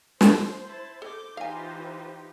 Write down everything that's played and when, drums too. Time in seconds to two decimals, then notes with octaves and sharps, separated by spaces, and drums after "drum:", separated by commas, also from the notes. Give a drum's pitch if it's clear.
0.21 C5, drum: snare
0.66 E4 A5
1.02 A4 D6 G6
1.37 E3 D#4 F4 G4 C5 F5 G#5